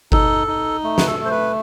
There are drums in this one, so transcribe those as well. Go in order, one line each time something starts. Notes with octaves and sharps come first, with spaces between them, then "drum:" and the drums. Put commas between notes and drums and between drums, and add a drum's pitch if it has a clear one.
D#4 A4, drum: kick G1
D#4
A3
B4, drum: snare
A4
A3
C5
B4